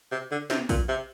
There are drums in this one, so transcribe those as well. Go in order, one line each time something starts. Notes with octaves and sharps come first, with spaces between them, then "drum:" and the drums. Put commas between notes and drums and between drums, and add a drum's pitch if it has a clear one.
C3
D3
C3, drum: snare
A#2, drum: kick A#1, open hi-hat
C3